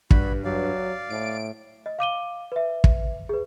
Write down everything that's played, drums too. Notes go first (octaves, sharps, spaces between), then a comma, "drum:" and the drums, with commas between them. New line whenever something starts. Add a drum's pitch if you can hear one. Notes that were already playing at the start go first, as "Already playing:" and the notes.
G2 F#4 B5, drum: kick
F#3 D5 F5
A2 D7
D#5
F5 D6 D#7 G7
B4 E5
drum: kick
G#4 B4